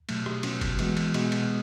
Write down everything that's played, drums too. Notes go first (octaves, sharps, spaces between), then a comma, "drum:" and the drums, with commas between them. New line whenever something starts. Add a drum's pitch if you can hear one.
B2 F#3 A3, drum: cymbal
drum: rim click
B2 F#3 C#4 F#4, drum: cymbal
drum: kick, cymbal
E3 G#3 B3 F#4, drum: cymbal
drum: cymbal
B2 G#3 B3 F#4, drum: cymbal
drum: cymbal